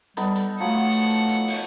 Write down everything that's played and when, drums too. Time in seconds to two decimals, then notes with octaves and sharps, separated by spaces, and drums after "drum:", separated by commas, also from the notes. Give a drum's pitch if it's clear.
0.17 G3 B3 D#4 A4, drum: hi-hat
0.36 drum: hi-hat
0.60 F3 F#3 A3 F#5
0.92 drum: hi-hat
1.10 drum: hi-hat
1.29 drum: hi-hat
1.48 drum: open hi-hat